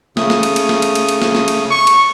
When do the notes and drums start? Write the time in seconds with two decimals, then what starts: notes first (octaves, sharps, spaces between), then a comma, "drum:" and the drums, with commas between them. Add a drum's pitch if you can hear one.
0.17 C#3 A3 D#6, drum: snare
0.30 drum: snare
0.43 drum: cymbal
0.56 drum: cymbal
0.69 drum: snare
0.82 drum: cymbal
0.95 drum: cymbal
1.09 drum: cymbal
1.22 drum: snare
1.35 drum: snare
1.48 drum: cymbal
1.71 C#6
1.87 drum: cymbal